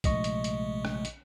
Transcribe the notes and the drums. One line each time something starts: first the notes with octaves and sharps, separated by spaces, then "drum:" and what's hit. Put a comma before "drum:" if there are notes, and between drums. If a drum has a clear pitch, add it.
A#1 C3 G#3 A3 D#5 C#6, drum: kick A#1, hi-hat
drum: hi-hat
drum: hi-hat
drum: rim click
drum: hi-hat